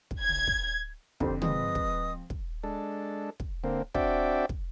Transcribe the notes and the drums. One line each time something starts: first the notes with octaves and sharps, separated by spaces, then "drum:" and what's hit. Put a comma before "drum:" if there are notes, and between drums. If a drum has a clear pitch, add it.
drum: kick
G#6
drum: tom
drum: kick
F2 D3 G4 C5, drum: kick
F3 G#3 C4 B4 D#5 D#6, drum: tom
drum: kick
drum: kick
G#3 D4 A4
drum: kick
D3 A#3 C4
C4 D4 F#4 D5 E5 G5, drum: kick
drum: kick